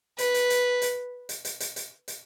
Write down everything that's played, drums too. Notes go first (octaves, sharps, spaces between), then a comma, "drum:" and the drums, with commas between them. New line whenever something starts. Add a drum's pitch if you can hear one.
B4, drum: hi-hat
drum: hi-hat
drum: hi-hat
drum: hi-hat
drum: hi-hat
drum: hi-hat
drum: hi-hat
drum: hi-hat
drum: hi-hat